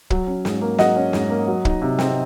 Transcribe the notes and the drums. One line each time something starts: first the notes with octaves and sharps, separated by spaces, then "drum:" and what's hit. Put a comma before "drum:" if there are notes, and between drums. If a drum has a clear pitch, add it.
F#3, drum: kick
C#4
G#2, drum: snare
A#3
F#3 D#5 F#5, drum: snare
C#4
G#2, drum: snare
A#3
F#3
D#4, drum: kick
C3
C4, drum: snare